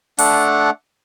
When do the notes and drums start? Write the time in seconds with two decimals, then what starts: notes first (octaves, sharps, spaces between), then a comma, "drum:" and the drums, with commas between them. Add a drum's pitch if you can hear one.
0.18 A3 D4 F#5, drum: open hi-hat